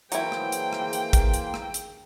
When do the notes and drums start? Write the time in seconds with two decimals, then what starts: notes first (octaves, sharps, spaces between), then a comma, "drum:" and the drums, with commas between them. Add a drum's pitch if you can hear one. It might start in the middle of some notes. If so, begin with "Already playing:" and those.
0.12 E3 F#3 A#3 E4 G#4 C5 G5, drum: hi-hat
0.32 drum: rim click
0.52 drum: hi-hat
0.73 drum: rim click
0.93 drum: hi-hat
1.13 drum: kick, hi-hat
1.34 drum: hi-hat
1.54 drum: rim click
1.74 drum: hi-hat